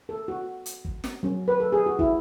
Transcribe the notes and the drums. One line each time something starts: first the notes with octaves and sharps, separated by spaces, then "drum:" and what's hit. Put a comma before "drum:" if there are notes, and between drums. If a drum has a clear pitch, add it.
A4
F#4
drum: hi-hat
drum: kick
drum: snare
F#3 C#4
B4
A4
G#4
F#4
E4, drum: kick